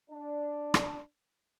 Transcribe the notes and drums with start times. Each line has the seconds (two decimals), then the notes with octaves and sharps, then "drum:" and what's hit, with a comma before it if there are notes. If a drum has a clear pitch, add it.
0.10 D4
0.74 drum: rim click